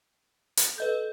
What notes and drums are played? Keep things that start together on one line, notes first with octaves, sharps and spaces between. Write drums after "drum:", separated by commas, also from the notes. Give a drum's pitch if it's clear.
drum: hi-hat
A4 B4 D#5 G6